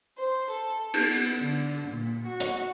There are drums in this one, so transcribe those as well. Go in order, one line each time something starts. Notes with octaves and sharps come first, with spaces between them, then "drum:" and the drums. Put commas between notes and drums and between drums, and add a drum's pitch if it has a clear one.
C5
A4
B3, drum: cymbal
D3
A#2
F#4
drum: hi-hat